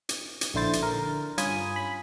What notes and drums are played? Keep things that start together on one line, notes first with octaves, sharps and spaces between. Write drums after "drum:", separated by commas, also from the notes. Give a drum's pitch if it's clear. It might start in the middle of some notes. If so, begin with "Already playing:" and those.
drum: hi-hat
drum: hi-hat
A#1 D3 E4 C5 A6
drum: hi-hat
D3 A#4
G2 C#4 F4 G#5 B5 D#6, drum: hi-hat
B5